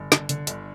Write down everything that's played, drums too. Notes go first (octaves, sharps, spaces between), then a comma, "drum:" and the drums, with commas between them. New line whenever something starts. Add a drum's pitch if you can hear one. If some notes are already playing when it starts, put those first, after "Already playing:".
Already playing: G1
D3, drum: snare
D3, drum: hi-hat
G1, drum: hi-hat